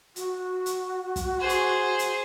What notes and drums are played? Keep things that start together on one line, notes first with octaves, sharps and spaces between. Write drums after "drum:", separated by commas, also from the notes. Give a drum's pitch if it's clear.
F#4, drum: hi-hat
drum: hi-hat
drum: kick, hi-hat
G#4 C5
drum: hi-hat
drum: hi-hat